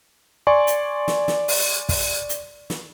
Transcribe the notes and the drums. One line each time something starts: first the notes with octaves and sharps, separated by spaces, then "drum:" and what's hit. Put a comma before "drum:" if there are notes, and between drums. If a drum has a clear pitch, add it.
D5 G#5 C6 C#6
drum: hi-hat
drum: snare
drum: snare
drum: open hi-hat
drum: kick, open hi-hat
drum: hi-hat
drum: snare